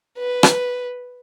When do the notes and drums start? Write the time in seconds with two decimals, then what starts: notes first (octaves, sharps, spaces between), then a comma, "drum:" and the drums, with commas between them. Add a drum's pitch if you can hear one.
0.18 B4
0.43 drum: rim click